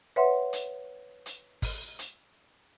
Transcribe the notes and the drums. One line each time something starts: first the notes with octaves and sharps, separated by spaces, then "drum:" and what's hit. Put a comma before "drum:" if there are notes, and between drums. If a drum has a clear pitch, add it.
B4 C#5 E5 F#5 C6
drum: hi-hat
drum: hi-hat
drum: kick G#1, open hi-hat
drum: hi-hat